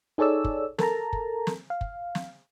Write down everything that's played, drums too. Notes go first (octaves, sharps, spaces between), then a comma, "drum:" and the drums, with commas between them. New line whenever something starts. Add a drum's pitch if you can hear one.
D#4 G#4 A4 C#5 D5 E6
drum: kick
A4 A#4 A5 A#5, drum: snare
drum: kick
drum: snare
F5
drum: kick
drum: snare